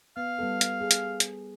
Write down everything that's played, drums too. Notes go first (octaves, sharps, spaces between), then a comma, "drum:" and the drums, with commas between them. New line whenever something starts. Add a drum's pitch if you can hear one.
B3 F5
G3 B3 A4
drum: hi-hat
G#4
drum: hi-hat
drum: hi-hat